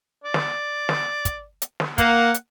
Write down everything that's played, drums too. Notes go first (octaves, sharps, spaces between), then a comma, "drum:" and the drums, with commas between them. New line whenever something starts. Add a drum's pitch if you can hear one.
D5
drum: snare
drum: snare
drum: kick, hi-hat
drum: hi-hat
drum: snare
A#3 F#5, drum: kick, hi-hat
drum: hi-hat